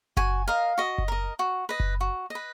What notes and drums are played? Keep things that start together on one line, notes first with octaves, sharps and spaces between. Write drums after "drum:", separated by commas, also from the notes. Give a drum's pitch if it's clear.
F#4 G#5, drum: kick F#1
A#4 D#5 F5
F#4 D#5
drum: kick F#1
A#4 D#5
F#4
B4 D#5
drum: kick F#1
F#4
B4 D#5